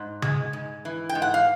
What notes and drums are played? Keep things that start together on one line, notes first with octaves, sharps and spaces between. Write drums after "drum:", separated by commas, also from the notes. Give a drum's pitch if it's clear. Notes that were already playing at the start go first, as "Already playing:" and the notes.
Already playing: G#2
G#3, drum: tom C#3
G#2
E3
G5
G#2
F#5
F5